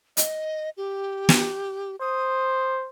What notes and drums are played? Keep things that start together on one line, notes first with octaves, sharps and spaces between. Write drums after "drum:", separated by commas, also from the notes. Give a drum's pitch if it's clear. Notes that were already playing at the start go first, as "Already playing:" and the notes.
D#5, drum: hi-hat
G4
drum: snare
C5 D#6